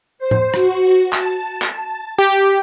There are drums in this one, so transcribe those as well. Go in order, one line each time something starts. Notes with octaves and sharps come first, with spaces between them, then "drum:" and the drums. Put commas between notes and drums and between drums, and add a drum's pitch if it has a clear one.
C5
drum: tom A2
F#4, drum: rim click
A5, drum: clap
drum: clap
G4